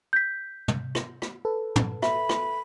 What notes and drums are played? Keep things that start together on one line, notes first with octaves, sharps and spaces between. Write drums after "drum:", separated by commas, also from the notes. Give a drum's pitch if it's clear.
G6 B6
drum: tom
drum: rim click
drum: rim click
A4 B4
drum: tom
E5 B5, drum: rim click
drum: rim click